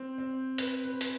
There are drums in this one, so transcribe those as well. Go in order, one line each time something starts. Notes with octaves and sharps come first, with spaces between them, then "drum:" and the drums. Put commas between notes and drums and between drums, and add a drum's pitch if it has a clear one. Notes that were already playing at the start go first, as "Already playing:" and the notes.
Already playing: C4
C4
B4, drum: hi-hat
B4
C5
B4, drum: hi-hat